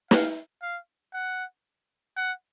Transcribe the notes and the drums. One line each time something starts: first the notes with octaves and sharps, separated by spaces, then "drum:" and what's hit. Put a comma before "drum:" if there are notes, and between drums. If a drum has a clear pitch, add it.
F5, drum: snare
F5
F#5
F#5